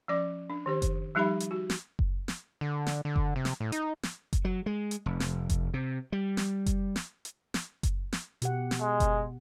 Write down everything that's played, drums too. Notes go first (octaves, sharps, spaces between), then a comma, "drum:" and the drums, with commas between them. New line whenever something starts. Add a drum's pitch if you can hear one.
F3 C#4 D5 D6
D4
D#3 G4 C5
drum: kick F#1, hi-hat
F3 G3 D#4 G4 E5 B5
drum: hi-hat
F#4
drum: snare
drum: kick F#1
drum: snare
D3
drum: snare
D3
drum: kick F#1
C3
drum: snare
A2
D#4, drum: hi-hat
drum: snare
drum: kick F#1, hi-hat
F#3
G#3
drum: hi-hat
F1
drum: snare
drum: kick F#1, hi-hat
C3
G3
drum: snare
drum: kick F#1, hi-hat
drum: snare
drum: hi-hat
drum: snare
drum: kick F#1, hi-hat
drum: snare
B2 G4 F#5, drum: hi-hat
drum: snare
G#3
drum: kick F#1, hi-hat